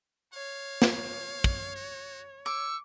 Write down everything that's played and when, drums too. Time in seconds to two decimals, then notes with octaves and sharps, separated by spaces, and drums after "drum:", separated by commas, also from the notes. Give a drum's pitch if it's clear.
0.33 C#5 F5
0.82 drum: snare
1.44 drum: kick
1.76 F#4
2.46 C#6 D6 E6